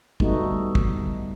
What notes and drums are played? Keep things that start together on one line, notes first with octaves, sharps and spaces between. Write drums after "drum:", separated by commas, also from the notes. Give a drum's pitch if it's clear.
G3 A3 B3 D#4 F#4, drum: kick
drum: kick